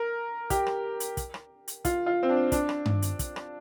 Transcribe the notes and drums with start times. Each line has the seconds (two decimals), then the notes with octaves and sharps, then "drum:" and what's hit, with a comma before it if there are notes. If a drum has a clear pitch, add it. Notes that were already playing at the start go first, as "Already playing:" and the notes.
Already playing: A#4
0.50 G4, drum: kick, hi-hat
0.66 drum: rim click
1.00 drum: hi-hat
1.17 drum: kick, hi-hat
1.34 drum: rim click
1.68 drum: hi-hat
1.85 F4, drum: kick, hi-hat
2.06 F4
2.23 C4
2.29 D4
2.52 D4, drum: kick, hi-hat
2.69 drum: rim click
2.86 drum: tom G2
3.02 drum: hi-hat
3.19 drum: kick, hi-hat
3.36 drum: rim click